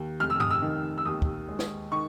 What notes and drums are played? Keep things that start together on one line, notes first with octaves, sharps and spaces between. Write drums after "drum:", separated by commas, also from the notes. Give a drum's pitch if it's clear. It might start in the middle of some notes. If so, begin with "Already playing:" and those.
Already playing: D#2
F1 F6
E6
D#6, drum: tom G2
E6
D#3
E6
D#2 D#6
drum: kick
G#3
drum: snare
D#3 C#6